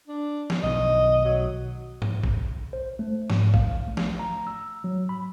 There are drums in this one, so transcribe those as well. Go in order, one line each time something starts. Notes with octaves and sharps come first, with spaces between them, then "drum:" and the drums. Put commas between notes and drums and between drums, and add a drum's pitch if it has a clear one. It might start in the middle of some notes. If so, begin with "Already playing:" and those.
D4
drum: snare
B1 D#3 D#5
F#3
drum: tom G2
drum: kick
C5
A3
G#2, drum: snare
F5, drum: kick
A3
drum: snare
A#5
E6
F#3
B5